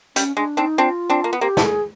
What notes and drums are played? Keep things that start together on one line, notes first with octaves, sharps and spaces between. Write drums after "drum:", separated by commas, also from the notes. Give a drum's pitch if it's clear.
G3 C#4, drum: hi-hat
G#3 D4
C4 D4 D#4
C4 D4 F4
C4 D4
A#3
B3
A#3 C4 G4
A3 B3, drum: snare
G#4